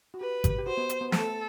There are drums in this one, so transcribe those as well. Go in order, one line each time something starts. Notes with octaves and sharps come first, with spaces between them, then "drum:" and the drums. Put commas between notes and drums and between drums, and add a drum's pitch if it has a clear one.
F#4
G4 B4
G4, drum: kick G#1, hi-hat
G4
F#4 C5
B3
drum: hi-hat
B3
A3 A4, drum: snare